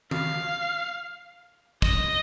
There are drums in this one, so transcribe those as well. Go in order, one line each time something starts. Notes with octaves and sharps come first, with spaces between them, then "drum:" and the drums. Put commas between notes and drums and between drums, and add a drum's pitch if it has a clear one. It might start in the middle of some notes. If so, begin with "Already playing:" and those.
F5, drum: tom D#3
D#5, drum: kick